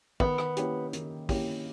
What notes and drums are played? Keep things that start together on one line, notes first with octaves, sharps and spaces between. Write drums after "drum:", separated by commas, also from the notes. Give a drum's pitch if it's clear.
D#3 B3, drum: kick
drum: rim click
A#3 C#4 E4 G4, drum: hi-hat
D#3, drum: hi-hat
A#3 C#4 E4 G4, drum: kick, open hi-hat